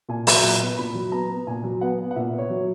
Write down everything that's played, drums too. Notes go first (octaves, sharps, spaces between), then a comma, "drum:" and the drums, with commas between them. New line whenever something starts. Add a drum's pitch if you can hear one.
A#2 G#5
F#3, drum: open hi-hat
A#5
A#2
B5
B3
A#2 B5
F#3
B3 A#5
B3
A#2 G#5
F#3
B3 F#5
B3
F#5
A#2 E5
B3
C#5
F#3